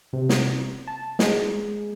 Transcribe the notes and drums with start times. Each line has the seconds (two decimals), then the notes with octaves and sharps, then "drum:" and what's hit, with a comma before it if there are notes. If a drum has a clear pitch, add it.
0.13 C3
0.29 drum: snare
0.88 A5
1.19 G#3, drum: snare